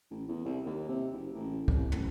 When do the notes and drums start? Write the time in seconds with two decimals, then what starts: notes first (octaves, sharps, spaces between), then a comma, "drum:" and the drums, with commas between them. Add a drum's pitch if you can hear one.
0.11 A1
0.28 E2
0.45 C2
0.66 D#2
0.88 C3
1.13 F#1
1.35 A1
1.68 C2, drum: kick
1.92 A1, drum: tom